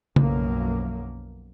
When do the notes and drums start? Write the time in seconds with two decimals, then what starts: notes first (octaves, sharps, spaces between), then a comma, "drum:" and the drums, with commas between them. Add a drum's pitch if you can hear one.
0.16 B1 F#2 F3 F#3 A#3, drum: tom C#3